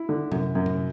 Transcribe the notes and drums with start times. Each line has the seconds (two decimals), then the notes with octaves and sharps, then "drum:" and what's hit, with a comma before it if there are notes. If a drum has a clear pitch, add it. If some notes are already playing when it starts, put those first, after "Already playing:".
Already playing: E4
0.09 D3
0.32 F#2, drum: tom C3
0.55 F#2
0.66 drum: tom C3